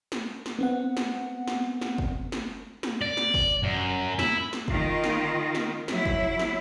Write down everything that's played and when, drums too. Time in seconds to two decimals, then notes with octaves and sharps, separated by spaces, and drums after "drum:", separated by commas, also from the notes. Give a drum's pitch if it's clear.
0.12 drum: snare
0.46 drum: snare
0.59 B3 C4 F#5
0.97 drum: snare
1.48 drum: snare
1.81 drum: snare
1.98 drum: kick
2.32 drum: snare
2.83 drum: snare
3.02 D5
3.17 drum: snare
3.34 drum: kick
3.63 F#2
4.19 E4, drum: snare
4.53 drum: snare
4.68 D#3 F4, drum: kick
5.04 drum: snare
5.55 drum: snare
5.88 F#3 E4, drum: snare
6.05 drum: kick
6.39 drum: snare